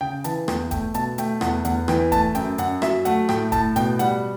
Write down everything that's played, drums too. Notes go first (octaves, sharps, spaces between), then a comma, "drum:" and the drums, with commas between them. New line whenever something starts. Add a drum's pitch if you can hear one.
C#3 G5
E3 A5, drum: hi-hat
E2 G5, drum: rim click
A3 G5, drum: kick D#1, hi-hat
B2 A5, drum: hi-hat
A3 G5, drum: hi-hat
E2 F#5, drum: rim click
E2 F#5, drum: hi-hat
E3 G5, drum: rim click
A3 A5, drum: kick D#1, hi-hat
F#2 G5, drum: hi-hat
F#2 F#5, drum: hi-hat
F#3 E5, drum: rim click
A3 F#5, drum: hi-hat
A2 G5, drum: rim click
A2 A5, drum: kick D#1, hi-hat
B2 G5, drum: hi-hat
G3 F#5, drum: hi-hat